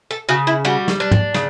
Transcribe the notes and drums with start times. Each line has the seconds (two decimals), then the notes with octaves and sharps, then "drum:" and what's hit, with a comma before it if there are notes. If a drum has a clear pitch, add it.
0.11 A4
0.29 C#3 F#4
0.47 E4
0.65 G3 F#4
0.88 drum: snare
1.00 D4
1.11 drum: tom
1.34 C#3, drum: snare